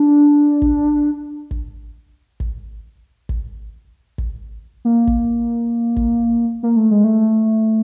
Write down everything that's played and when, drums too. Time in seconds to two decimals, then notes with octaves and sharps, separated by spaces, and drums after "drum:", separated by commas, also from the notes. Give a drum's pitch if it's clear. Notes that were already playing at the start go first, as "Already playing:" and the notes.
Already playing: D4
0.62 drum: kick
1.51 drum: kick
2.40 drum: kick
3.29 drum: kick
4.18 drum: kick
4.85 A#3
5.07 drum: kick
5.96 drum: kick
6.63 A#3
6.76 A3
6.91 G#3
7.04 A3